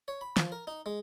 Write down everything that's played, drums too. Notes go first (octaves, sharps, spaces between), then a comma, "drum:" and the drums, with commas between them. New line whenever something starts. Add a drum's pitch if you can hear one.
C#5
B5
F3, drum: snare
A#4
D#4
G#3